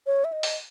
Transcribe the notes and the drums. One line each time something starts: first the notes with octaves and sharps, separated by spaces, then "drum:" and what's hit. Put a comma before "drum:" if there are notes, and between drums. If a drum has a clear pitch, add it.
C#5
E5
D#5
drum: open hi-hat